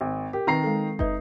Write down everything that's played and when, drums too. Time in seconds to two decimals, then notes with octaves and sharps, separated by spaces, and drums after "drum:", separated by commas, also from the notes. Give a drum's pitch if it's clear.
0.01 G#1
0.33 G4 A#4
0.47 D#3 C4 B4 A#5 C7
0.63 G#3 A4
0.99 D#4 B4 D#5 E5, drum: kick